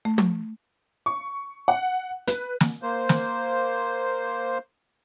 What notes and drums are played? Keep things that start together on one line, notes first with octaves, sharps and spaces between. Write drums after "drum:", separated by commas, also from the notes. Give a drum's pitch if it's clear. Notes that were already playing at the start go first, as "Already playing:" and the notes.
A3
drum: tom
C#6
F#5
B4, drum: hi-hat
drum: snare
A#3 C5
drum: snare